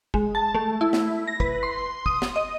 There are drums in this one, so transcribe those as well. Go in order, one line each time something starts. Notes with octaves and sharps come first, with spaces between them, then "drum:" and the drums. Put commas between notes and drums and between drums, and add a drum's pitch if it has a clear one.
G#3, drum: kick
A5
A3
E4
drum: snare
A#6
B4, drum: kick
C6
D#6, drum: kick
drum: snare
D#5